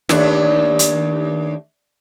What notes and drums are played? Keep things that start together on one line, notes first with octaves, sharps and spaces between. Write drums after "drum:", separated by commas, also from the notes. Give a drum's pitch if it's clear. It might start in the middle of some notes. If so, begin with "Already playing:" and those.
D#2 A3 D4, drum: snare
drum: hi-hat